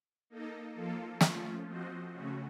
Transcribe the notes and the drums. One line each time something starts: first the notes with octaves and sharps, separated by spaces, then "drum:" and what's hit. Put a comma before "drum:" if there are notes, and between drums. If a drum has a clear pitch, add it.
A#3 D#4 A4 D#5
F3 A#3 F4 A4
F3 A3 C#4 F4, drum: snare
F3 C4 F#4 C5 D#5
C#3 A3 C#4 F#4